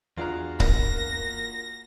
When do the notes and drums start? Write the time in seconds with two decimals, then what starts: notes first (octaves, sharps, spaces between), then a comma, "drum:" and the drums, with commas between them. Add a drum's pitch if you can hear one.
0.17 E2 D4 F4 F#4 G#4 A#5
0.60 A#3 A#6, drum: kick C#1